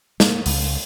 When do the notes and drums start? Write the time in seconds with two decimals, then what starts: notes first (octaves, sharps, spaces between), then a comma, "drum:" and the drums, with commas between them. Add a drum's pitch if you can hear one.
0.20 A#3, drum: snare
0.46 C#2, drum: open hi-hat